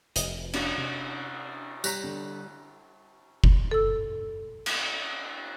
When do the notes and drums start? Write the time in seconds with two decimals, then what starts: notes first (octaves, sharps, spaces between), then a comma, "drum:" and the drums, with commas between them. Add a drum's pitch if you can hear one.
0.16 F1 F2 D#5, drum: hi-hat
0.53 C#4 D4 F#4, drum: cymbal
0.78 C3
1.84 G3 C#5 A#5 F#6 A#6 B6, drum: tambourine
2.03 D3
3.44 drum: kick F#1
3.71 A4 E6
4.66 drum: cymbal